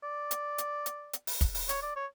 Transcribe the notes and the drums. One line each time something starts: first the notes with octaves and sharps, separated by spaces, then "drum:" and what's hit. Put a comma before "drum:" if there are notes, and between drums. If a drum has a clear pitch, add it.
D5
drum: hi-hat
drum: hi-hat
drum: hi-hat
drum: hi-hat
drum: open hi-hat
drum: kick, hi-hat
drum: open hi-hat
C#5, drum: hi-hat
D5
C#5